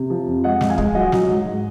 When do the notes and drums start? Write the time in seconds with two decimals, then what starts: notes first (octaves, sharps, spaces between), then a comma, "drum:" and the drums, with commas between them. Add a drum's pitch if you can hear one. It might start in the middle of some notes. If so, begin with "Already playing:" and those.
Already playing: C3
0.10 F3
0.27 F2
0.44 G#3 D#5 F#5
0.61 G#3, drum: snare
0.69 F5 G#5
0.78 G#3, drum: kick
0.95 F#3 D#5 F#5
1.12 F#3, drum: snare
1.30 G#2
1.46 G#3